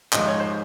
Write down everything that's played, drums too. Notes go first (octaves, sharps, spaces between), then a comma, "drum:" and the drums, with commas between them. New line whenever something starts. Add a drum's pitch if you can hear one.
G#2 F3 G#3 D#5, drum: clap
C#5
C5